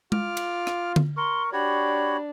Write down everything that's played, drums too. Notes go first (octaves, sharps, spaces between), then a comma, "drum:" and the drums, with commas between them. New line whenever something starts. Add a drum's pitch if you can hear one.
F4 D6 F6, drum: tom
drum: cymbal
drum: rim click
drum: tom D3
A#4 C6 C#6
D4 F#4 G4 C#5 B5